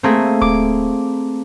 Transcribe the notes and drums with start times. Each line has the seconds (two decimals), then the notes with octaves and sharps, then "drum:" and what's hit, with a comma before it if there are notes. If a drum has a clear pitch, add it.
0.03 A3 A#3 C4 G#4
0.41 D6, drum: kick D1